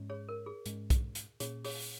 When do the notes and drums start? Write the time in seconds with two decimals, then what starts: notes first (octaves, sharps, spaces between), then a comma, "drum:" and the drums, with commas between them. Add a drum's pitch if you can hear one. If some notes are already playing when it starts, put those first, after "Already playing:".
Already playing: G#2 G#3 C#4
0.10 G#4 C#5
0.29 A#4
0.46 G#4
0.66 G#2 G#3 C#4, drum: hi-hat
0.90 drum: kick B1, hi-hat
1.15 drum: hi-hat
1.40 A#2 A#3 C#4 G#4 C#5, drum: hi-hat
1.65 G#4 C#5, drum: open hi-hat